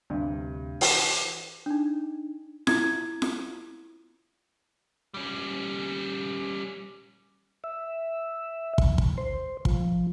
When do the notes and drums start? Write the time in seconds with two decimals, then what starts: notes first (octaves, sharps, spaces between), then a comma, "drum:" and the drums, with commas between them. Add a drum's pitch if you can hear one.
0.10 D2 G2 C3
0.81 E3 F#4, drum: open hi-hat
1.66 D4 D#4
2.67 E4 G#6, drum: snare F4
3.22 drum: snare F4
5.14 G3 C#4
7.64 E5
8.78 D#2, drum: kick
8.98 drum: kick
9.18 C5
9.65 F3, drum: kick